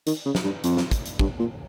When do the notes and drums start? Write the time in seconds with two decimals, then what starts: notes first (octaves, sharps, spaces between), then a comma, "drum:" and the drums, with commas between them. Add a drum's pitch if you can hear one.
0.07 D#3, drum: hi-hat
0.26 C#3
0.35 drum: snare
0.44 G2
0.64 F2, drum: hi-hat
0.77 drum: snare
0.91 drum: kick, hi-hat
1.06 drum: hi-hat
1.19 G2, drum: kick
1.39 A#2